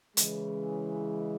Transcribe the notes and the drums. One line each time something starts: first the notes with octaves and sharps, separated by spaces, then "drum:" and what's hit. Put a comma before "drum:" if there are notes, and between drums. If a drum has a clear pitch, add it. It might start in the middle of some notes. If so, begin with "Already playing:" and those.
C#3 E3 G#3, drum: hi-hat